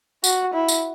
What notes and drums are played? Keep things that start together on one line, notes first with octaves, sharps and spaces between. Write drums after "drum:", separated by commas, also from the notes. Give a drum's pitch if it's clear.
F#4, drum: tambourine
E4
drum: tambourine